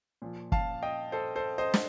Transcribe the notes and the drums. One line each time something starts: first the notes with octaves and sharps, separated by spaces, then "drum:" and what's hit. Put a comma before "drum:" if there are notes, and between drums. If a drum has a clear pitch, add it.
A#2 F3
F5 A5, drum: kick
D#5 G5
A4 C5
A4 C5
C5 D#5
drum: snare